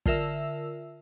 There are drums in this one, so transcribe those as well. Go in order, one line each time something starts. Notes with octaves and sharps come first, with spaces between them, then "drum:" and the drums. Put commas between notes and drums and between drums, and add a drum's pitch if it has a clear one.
D3 F4 A#4 E5 E6, drum: kick